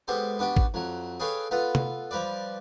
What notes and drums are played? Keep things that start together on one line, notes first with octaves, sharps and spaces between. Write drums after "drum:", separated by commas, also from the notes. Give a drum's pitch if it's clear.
G#3 B3 G4 A4 C5
B3 D4 F#4 G4
drum: kick
F2 F#3
G#4 A4 B4 C#5 F5 G5
B3 F4 A4 B4
drum: tom C3
F3 G3 B4 D5